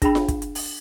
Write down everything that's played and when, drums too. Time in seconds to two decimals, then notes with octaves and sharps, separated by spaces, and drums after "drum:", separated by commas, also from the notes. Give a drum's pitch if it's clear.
0.02 D4 G#4 G5 B5, drum: kick, hi-hat
0.15 drum: snare F4
0.28 drum: kick, hi-hat
0.42 drum: hi-hat
0.55 drum: open hi-hat